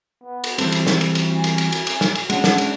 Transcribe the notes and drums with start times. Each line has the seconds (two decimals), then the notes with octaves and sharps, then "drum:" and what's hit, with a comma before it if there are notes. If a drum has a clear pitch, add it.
0.24 B3
0.44 drum: cymbal
0.58 E3 G3 C4 A4, drum: cymbal
0.72 drum: cymbal
0.87 drum: snare
1.01 drum: cymbal
1.15 drum: cymbal
1.34 G#5
1.44 drum: cymbal
1.58 drum: cymbal
1.72 drum: cymbal
1.87 drum: cymbal
2.01 drum: snare
2.15 drum: cymbal
2.30 G#3 C#4 D4 F#5, drum: cymbal
2.44 drum: snare
2.58 drum: cymbal